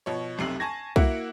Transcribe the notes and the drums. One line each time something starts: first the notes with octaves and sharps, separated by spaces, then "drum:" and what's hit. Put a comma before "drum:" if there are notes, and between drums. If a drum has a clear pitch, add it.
B2 F3 C#5
F1 B1 C3 C7 F#7
G#5 A5 C#6 G#6 A#6
A#3 E4 F#4 E5 F#5, drum: kick C2